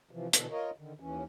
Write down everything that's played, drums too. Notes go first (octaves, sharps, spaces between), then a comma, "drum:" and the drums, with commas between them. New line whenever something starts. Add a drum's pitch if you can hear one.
C3 E3 F3
B2 D3 E3 A4, drum: hi-hat
F4 A#4 C#5 D#5
D3 D#3
D#2 E3 C#4